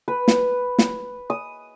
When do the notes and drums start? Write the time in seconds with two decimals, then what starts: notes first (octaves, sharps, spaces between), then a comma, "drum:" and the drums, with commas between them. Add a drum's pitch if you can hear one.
0.08 B4
0.28 drum: snare
0.79 drum: snare
1.30 D#6